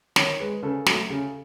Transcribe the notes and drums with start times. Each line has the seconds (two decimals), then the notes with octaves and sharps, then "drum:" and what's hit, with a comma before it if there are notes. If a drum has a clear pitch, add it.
0.16 D#3 C#5, drum: snare
0.40 G#3 B4
0.63 C#3 A4
0.86 F#3 A3, drum: snare
1.10 C#3